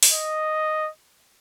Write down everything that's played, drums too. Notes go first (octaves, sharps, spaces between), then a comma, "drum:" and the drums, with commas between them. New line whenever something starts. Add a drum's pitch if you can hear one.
drum: open hi-hat
D#5